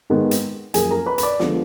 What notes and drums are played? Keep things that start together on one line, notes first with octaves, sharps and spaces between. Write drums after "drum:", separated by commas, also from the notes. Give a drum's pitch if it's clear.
G#2 D#3 G#3 B3
drum: hi-hat
F#2 F3 A#3 G#4 G#5, drum: hi-hat
A#4 A#5
B4 B5
B5, drum: hi-hat
D5 D6
D3 F3 G#3 B3, drum: snare